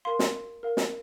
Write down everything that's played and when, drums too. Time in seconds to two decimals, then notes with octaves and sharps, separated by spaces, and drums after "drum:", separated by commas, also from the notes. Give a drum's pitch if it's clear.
0.05 A#4 F5 C6
0.19 drum: snare
0.63 A#4 F5
0.77 drum: snare